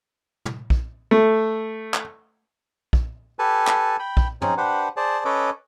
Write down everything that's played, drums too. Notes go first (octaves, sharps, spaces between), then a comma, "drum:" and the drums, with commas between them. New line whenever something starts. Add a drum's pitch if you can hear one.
drum: tom
drum: kick
A3
drum: clap
drum: kick
G4 A4 B4 G#5 A5
drum: clap
G5 B5
drum: kick
C4 C#4 D#4 G#4, drum: tom
D4 G4 B4 C5 F#5
G#4 C5 D5 A5
C#4 A4 B4 C#5 D#5 D6